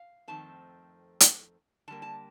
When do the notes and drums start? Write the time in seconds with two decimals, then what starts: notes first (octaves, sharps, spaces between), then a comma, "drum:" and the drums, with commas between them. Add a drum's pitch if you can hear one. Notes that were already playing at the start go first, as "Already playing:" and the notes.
Already playing: F5
0.28 F2 D#3 A3 C4 A5
1.20 drum: hi-hat
1.88 D3 G3 A#3 A5
2.02 A5